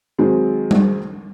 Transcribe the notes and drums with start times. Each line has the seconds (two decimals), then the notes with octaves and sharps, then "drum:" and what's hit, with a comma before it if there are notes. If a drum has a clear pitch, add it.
0.18 D#3 F#3 G#3 C4
0.71 drum: tom G3